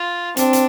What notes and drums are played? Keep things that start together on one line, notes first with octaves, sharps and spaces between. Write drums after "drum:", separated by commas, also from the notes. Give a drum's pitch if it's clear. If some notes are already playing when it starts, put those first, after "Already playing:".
Already playing: F4
C4 D4, drum: hi-hat
drum: hi-hat